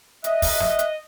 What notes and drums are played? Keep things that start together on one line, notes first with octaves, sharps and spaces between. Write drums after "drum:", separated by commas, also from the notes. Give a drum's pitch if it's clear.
D#5 E5 F#6, drum: hi-hat
drum: kick, open hi-hat
drum: snare
drum: hi-hat